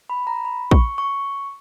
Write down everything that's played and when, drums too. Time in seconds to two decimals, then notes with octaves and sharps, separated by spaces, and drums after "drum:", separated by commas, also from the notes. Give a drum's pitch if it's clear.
0.10 B5
0.27 A#5
0.45 B5
0.71 C#6, drum: kick
0.98 C#6